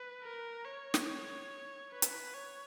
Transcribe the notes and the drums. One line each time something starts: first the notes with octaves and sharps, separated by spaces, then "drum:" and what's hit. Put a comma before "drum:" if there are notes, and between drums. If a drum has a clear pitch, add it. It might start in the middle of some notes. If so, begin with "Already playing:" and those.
Already playing: B4
A#4
C#5
drum: snare
B4
drum: hi-hat
C#5